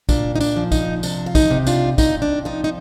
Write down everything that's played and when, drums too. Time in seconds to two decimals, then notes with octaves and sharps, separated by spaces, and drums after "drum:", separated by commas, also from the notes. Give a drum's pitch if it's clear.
0.09 A#2 D4, drum: kick, tambourine
0.36 D#4
0.41 D4, drum: tambourine
0.56 F3
0.72 D#4, drum: kick, tambourine
1.03 C3 D4, drum: tambourine
1.26 F4
1.35 D#4, drum: kick, tambourine
1.50 C3
1.67 D4 F4, drum: tambourine
1.98 C3 D#4, drum: kick, tambourine
2.22 D4
2.45 F3 D#4
2.64 D#4